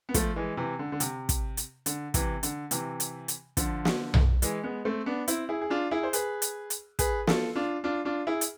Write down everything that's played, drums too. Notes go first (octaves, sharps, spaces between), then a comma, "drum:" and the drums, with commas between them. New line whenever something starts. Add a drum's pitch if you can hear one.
B3
F3 A3, drum: kick, hi-hat
E3 G#3
C3 E3
D3
D3
C3, drum: hi-hat
drum: kick, hi-hat
drum: hi-hat
D3, drum: hi-hat
C3 E3, drum: kick, hi-hat
D3, drum: hi-hat
C3 E3, drum: hi-hat
drum: hi-hat
drum: hi-hat
D3 F3, drum: kick, hi-hat
drum: snare
drum: tom B1
E3 G#3, drum: hi-hat
G#3 B3
A3 C4
B3 D4
C4 E4, drum: hi-hat
E4 G#4
G#4
D4 F4
E4 G#4
C5
G#4 B4, drum: hi-hat
drum: hi-hat
drum: hi-hat
G#4 B4, drum: kick, hi-hat
F4 A4, drum: snare
D4 F4
D4 F4
D4 F4
E4 G#4
drum: hi-hat